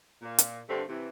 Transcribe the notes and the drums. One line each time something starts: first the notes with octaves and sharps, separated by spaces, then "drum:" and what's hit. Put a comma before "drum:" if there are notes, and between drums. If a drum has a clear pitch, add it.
A#2
drum: hi-hat
G2 D3 G3 A3 C4
C3 E3